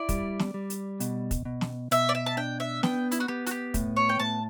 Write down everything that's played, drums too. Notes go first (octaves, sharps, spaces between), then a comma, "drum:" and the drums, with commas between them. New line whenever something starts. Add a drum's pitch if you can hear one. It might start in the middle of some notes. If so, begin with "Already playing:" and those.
Already playing: E4 D5
G3, drum: kick, hi-hat
drum: snare
G3
drum: hi-hat
B2, drum: hi-hat
drum: kick, hi-hat
B2
drum: snare
B2 E5, drum: hi-hat
D5
E5
A5
D4 G5
E5
B3 G5, drum: snare
E4, drum: hi-hat
F#4
B3 G4
F#4, drum: hi-hat
G4
A2, drum: kick, hi-hat
C#5
G5
A2 A5